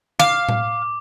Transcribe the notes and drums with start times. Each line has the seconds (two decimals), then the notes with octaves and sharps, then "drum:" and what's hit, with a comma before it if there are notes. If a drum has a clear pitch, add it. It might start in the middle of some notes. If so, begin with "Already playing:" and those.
0.19 F5 D6, drum: snare
0.49 drum: tom A2